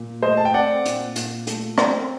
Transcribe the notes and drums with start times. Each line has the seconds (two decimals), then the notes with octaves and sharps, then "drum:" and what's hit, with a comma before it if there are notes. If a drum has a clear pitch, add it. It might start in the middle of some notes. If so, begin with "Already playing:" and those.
Already playing: A#2
0.22 A3 C5 D#5
0.37 A5
0.45 G5
0.54 C4 D5 F#5
0.85 A#2, drum: hi-hat
1.16 A#2, drum: hi-hat
1.47 A3, drum: hi-hat
1.78 C4, drum: rim click